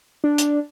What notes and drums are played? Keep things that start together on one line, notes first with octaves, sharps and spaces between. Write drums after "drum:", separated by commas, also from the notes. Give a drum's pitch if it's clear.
D4
drum: hi-hat